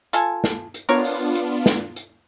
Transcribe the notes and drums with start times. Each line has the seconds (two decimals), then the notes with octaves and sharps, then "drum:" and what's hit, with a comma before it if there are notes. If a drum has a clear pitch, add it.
0.13 F4 A4 G#5, drum: hi-hat
0.44 drum: snare
0.74 drum: hi-hat
0.89 B3 D4 F4 A#4 C#5
1.05 drum: open hi-hat
1.35 drum: hi-hat
1.66 drum: snare
1.96 drum: hi-hat